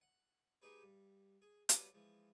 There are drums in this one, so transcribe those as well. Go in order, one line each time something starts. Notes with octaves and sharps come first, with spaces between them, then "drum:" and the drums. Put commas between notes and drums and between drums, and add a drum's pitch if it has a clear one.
F#5
G#3 D#4 G4 G#4 B4 C5
G2
G#4
G3 D4 F4 F#4 B4 C#5, drum: hi-hat
E3 F3 G#3